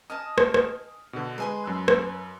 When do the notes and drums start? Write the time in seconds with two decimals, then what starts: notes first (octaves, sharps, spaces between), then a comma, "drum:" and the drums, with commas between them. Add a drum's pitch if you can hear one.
0.10 D#5 G#5 A5 D#6 F6
0.38 drum: rim click
0.54 drum: rim click
1.13 B2 D3
1.38 G#3 B4 G#5 C6
1.64 F#2 E6 F#6
1.88 drum: rim click